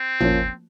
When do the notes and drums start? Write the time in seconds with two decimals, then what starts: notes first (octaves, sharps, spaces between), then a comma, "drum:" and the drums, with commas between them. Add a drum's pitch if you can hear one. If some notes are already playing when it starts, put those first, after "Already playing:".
Already playing: C4
0.20 F3 A#3 C#4, drum: tom G#1